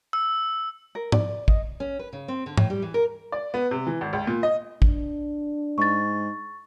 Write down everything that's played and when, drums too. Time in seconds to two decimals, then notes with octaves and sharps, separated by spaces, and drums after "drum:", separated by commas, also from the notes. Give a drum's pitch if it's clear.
0.13 E6
0.95 A#4
1.12 D5, drum: tom G#2
1.48 D#5, drum: kick
1.80 C#4
1.99 B4
2.13 C#3
2.28 C4
2.46 D3
2.58 A2, drum: tom G#2
2.70 G3
2.82 E3
2.94 A#4
3.32 D5
3.54 B3
3.71 C3
3.87 E3
4.01 G#1
4.13 C#2
4.27 A#2
4.43 D#5
4.82 D4, drum: kick
5.78 G#2 C#6 A6